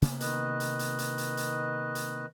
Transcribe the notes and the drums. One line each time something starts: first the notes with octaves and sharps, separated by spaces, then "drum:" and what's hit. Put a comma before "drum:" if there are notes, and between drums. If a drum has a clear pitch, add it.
C3 A#3 B3, drum: hi-hat
D#3 B4 D#5, drum: hi-hat
drum: hi-hat
drum: hi-hat
drum: hi-hat
drum: hi-hat
drum: hi-hat
drum: hi-hat